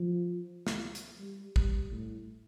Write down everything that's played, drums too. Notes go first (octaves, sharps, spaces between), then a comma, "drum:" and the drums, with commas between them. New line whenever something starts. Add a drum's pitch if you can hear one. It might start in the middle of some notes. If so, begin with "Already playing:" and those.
Already playing: F3
drum: snare
drum: hi-hat
G3
G3, drum: kick
A2